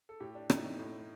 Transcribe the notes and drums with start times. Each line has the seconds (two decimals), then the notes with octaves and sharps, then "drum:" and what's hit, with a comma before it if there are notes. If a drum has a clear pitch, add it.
0.09 A4
0.20 A2 G4
0.35 D4
0.50 A2 D#4, drum: rim click
0.64 D#4
0.79 A2